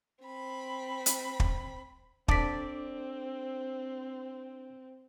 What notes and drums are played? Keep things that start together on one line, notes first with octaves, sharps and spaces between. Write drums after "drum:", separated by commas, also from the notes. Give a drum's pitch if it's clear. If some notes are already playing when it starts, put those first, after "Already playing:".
C4 B5
drum: hi-hat
drum: kick
C4 D4 A4 D5 A5 B6, drum: kick